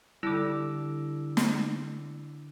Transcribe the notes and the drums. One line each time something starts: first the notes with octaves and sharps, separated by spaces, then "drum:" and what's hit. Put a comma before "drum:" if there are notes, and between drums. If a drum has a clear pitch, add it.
D3 G3 E4 D6 E6
drum: snare